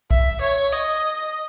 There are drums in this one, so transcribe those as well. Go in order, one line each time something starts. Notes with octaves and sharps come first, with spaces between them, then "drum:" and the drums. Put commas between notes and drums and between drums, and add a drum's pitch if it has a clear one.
E5, drum: kick
C#5
D#5